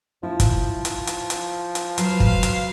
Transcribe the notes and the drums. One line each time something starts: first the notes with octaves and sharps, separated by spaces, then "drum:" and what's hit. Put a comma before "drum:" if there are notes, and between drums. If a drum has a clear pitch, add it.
F3 E4
drum: kick, hi-hat
drum: hi-hat
drum: hi-hat
drum: hi-hat
drum: hi-hat
F#3 B4 C5 F5, drum: hi-hat
drum: kick
drum: hi-hat